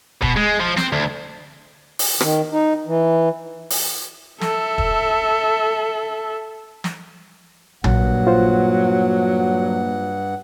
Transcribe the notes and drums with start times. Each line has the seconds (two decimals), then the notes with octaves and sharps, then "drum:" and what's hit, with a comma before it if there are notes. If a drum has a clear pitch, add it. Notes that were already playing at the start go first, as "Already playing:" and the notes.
0.22 B2, drum: kick
0.37 G#3
0.60 F3
0.77 C4, drum: snare
0.92 D2
1.99 drum: open hi-hat
2.21 D#3, drum: rim click
2.51 D#4
2.86 E3
3.70 drum: open hi-hat
4.41 A4 E5, drum: snare
4.78 drum: kick
6.84 drum: snare
7.84 G2 A#2 F#3 F#5, drum: tom A#1
8.27 F4 C5